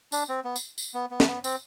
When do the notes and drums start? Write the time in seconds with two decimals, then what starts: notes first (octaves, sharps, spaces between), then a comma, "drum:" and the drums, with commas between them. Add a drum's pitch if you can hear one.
0.12 D4, drum: tambourine
0.29 C4
0.45 B3
0.56 drum: tambourine
0.78 drum: tambourine
0.94 B3
1.11 B3
1.20 A3, drum: snare
1.27 B3
1.44 C4, drum: tambourine